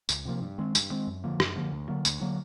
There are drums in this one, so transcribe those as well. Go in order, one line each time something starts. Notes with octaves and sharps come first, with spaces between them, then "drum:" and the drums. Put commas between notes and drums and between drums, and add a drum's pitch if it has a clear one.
C#2, drum: tambourine
C3 F3 A#3
G2
D#3 G#3 C4
G2, drum: tambourine
D#3 G#3 C4
F#2
D3 F3 A#3
F#2, drum: rim click
D3 F3 A#3
D2
D3 F#3 A#3
D2, drum: tambourine
D3 F#3 A#3